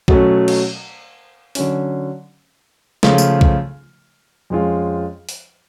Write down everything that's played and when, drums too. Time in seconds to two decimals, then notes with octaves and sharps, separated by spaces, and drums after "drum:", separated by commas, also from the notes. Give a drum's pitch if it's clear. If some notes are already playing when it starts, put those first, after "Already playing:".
0.08 B2 F#3 A3 C#4, drum: kick B1
0.48 drum: cymbal
1.55 D3 F#3 C#4, drum: open hi-hat
3.03 C#3 F3 A3 F4, drum: snare
3.18 drum: tambourine
3.41 drum: kick B1
4.50 F2 F3 G#3 C#4 F4
5.29 drum: open hi-hat